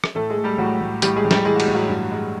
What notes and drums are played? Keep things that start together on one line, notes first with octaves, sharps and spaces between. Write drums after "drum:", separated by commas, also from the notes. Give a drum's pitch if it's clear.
drum: rim click
A2 A3 A4
G#3 G#4
A3
G3 G4
A2 F#3 F#4
A2
A2 G3 G4, drum: hi-hat
G#3 G#4
A2
G3 G4, drum: snare
E3 G#3 G#4
F#4
G3 G4, drum: cymbal
A2
F#3 F#4
G2
G#3